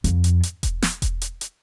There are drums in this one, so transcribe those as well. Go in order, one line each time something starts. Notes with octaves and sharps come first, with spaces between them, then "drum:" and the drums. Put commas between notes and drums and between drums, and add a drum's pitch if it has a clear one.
F2, drum: hi-hat
drum: hi-hat
drum: hi-hat
drum: kick E1, hi-hat
drum: snare
drum: kick E1, hi-hat
drum: hi-hat
drum: hi-hat